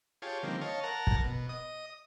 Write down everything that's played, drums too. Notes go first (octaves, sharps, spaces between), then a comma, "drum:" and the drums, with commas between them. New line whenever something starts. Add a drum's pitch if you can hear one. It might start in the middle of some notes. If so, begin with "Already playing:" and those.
F4 G4 G#4 C#5 A5
D3 D#3 F3 G3 A#3 C4
C#5 D#5 F5 A5
A#4 F#5 A5 A#5
drum: kick
B2
D#5 D#6